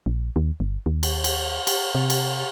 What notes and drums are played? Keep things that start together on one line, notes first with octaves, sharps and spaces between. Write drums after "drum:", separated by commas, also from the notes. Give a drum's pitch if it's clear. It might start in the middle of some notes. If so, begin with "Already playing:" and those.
A#1
D#2
G1
D#2
drum: cymbal
drum: cymbal
drum: cymbal
C3
drum: cymbal